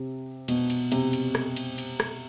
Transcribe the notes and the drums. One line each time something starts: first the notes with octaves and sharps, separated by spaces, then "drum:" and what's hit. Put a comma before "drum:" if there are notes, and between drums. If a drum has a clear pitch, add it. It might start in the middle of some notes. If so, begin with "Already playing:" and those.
Already playing: C3
B2, drum: cymbal
drum: cymbal
C3, drum: cymbal
drum: cymbal
drum: rim click
drum: cymbal
drum: cymbal
drum: rim click